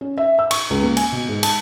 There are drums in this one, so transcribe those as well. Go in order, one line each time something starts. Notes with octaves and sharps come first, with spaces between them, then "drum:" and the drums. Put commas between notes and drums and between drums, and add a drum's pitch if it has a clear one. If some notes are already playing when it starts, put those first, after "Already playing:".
C#4
E5
E6
C#6, drum: cymbal
C#2
A#3
G#5, drum: cymbal
B2
G#2
A5, drum: cymbal